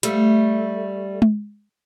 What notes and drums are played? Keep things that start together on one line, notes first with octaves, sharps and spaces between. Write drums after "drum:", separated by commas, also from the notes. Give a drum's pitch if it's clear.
G3 A3, drum: hi-hat
drum: tom G#3